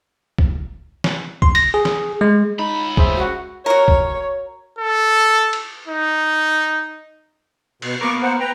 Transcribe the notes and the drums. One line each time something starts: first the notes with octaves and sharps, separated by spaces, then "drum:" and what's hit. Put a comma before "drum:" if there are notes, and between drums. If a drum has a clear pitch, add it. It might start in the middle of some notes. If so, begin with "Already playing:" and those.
drum: kick
drum: snare
C6, drum: kick
A#6, drum: cymbal
G#4
drum: snare
G#3
C#2 D#4 B5
G#4 C5 E5, drum: kick
F#4
F#4 A#4 C#5
drum: kick
A4
drum: cymbal
D#4
B2, drum: cymbal
A#3 B3 A#4 C#6 D6
C5 F#5
B4 G5 A#5